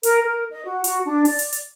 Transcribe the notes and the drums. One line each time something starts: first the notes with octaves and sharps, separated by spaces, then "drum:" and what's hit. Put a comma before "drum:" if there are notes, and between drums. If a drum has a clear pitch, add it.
A#4, drum: hi-hat
A#4
D#5
F#4
F#4, drum: hi-hat
D4
D5, drum: open hi-hat
drum: hi-hat
drum: hi-hat